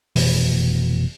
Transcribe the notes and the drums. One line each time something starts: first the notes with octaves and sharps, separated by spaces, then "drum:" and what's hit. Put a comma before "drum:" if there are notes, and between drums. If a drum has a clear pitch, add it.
F1 B2 E3, drum: open hi-hat